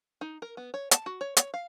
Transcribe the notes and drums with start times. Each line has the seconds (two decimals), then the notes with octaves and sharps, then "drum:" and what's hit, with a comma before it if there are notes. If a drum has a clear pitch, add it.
0.21 D#4
0.42 A#4
0.57 B3
0.74 C#5
0.91 A5, drum: hi-hat
1.06 F#4
1.21 C#5
1.37 C#5, drum: hi-hat
1.54 F5